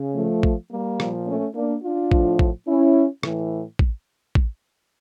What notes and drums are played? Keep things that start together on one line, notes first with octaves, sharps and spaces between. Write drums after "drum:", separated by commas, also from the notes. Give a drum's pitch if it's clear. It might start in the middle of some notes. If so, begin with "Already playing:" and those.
Already playing: C#3
F3 A3
drum: kick A1
G3 A#3
A#2 F3, drum: rim click
A3 C#4
A#3 D4
D4 F4
A2 F3, drum: kick A1
drum: kick A1
C#4 E4
A2 E3, drum: rim click
drum: kick A1
drum: kick A1